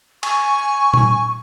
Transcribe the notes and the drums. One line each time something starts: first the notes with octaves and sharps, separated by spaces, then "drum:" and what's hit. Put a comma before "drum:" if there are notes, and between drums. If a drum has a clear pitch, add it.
G#5 C#6, drum: cymbal
drum: tom A#2